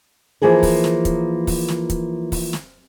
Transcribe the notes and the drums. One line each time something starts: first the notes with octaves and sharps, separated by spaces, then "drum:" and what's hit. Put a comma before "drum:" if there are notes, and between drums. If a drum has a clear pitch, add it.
E3 F3 A#3 G#4 A#4
drum: kick, open hi-hat
drum: snare
drum: kick, hi-hat
drum: kick, open hi-hat
drum: snare
drum: kick, hi-hat
drum: kick, open hi-hat
drum: snare